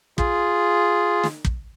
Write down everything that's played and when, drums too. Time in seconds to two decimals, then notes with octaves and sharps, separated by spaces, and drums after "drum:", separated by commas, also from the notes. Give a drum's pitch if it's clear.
0.18 F4 G#4, drum: kick
1.23 drum: snare
1.45 drum: kick